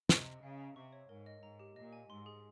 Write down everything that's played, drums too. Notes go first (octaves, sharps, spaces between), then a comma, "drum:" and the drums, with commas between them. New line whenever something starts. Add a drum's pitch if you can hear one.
C3 D#5, drum: snare
D#5
C#3 F5
A#5
C3 C#6
C#5
G#2 A#4
D#5
G#2 A#5
G4
A#2 D#5
G#5
G#2 C6
G#4